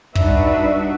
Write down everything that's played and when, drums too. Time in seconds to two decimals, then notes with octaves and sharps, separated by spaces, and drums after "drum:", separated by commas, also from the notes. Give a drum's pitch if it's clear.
0.15 G3 D4 D#4 F#4 B4 E5, drum: kick